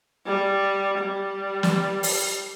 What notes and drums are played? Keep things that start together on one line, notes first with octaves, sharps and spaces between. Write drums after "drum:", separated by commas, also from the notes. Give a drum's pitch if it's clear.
G3
G3
drum: snare
drum: open hi-hat